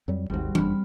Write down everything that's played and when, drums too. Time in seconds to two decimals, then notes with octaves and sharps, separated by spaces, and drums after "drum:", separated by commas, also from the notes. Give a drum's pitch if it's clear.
0.08 F2 F#3 G3
0.30 G#1 D#2 G3 C4 F#4
0.55 F#1 F2 D4 B5 F6, drum: tom E3